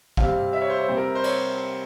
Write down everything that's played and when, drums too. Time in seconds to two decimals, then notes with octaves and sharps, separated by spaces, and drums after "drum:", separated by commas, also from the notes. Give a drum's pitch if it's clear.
0.17 C3 G3 C4 F5, drum: kick A1
0.53 E5
0.61 C#5
0.70 C5
0.78 C#5
0.88 C3 G3 C4 C5
0.97 A#4
1.15 C5
1.24 C#5, drum: cymbal